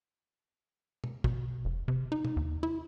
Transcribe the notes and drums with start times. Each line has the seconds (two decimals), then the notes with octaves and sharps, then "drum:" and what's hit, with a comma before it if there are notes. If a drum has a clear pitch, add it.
1.04 drum: tom
1.24 B2, drum: kick
1.65 F1
1.88 C3
2.12 D#4
2.25 drum: tom
2.37 D#2
2.63 E4